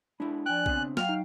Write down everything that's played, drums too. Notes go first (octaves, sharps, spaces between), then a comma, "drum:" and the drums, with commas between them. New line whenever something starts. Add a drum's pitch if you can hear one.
G#3 D4 E4 B5
F3 D5 G5 G#5 F#6
C#3 B3 C4, drum: kick A#1
F#3 F5 G5 F6, drum: snare
D#4